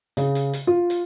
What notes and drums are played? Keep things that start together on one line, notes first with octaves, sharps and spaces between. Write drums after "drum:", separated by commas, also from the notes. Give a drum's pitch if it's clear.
C#3, drum: hi-hat
drum: hi-hat
drum: hi-hat
F4
drum: hi-hat